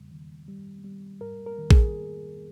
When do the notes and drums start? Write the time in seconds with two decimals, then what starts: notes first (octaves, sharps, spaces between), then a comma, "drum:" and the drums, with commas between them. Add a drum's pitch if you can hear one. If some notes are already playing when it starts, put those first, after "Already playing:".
Already playing: E2 C#3 G3
0.11 D#3
0.48 G3
0.84 G3
1.21 G#2 A#4
1.46 A#4
1.58 D#3
1.70 G#4, drum: kick A#1